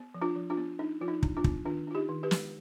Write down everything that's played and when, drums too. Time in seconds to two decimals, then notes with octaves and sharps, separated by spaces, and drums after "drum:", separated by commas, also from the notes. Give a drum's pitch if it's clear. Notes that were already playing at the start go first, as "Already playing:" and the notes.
Already playing: B3
0.14 F3
0.22 D4 F4
0.36 F3
0.50 D4 F4
0.57 B3
0.79 D4 D#4
1.01 F3 F4
1.08 D#4
1.23 D4, drum: kick
1.37 D4 F4
1.44 B3, drum: kick
1.65 D#3 D4 F4
1.87 D4 F4
1.95 D#4 G4
2.09 D#3
2.23 G4 B4
2.31 G#3, drum: snare